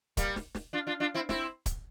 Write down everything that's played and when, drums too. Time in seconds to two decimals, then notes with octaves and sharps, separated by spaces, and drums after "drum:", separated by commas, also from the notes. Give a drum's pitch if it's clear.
0.17 G3 A#3, drum: kick, hi-hat
0.36 drum: snare
0.55 drum: snare
0.73 D4 F4
0.87 D4 F4
1.00 D4 F4
1.14 C4 E4
1.29 C4 E4, drum: snare
1.66 drum: kick, hi-hat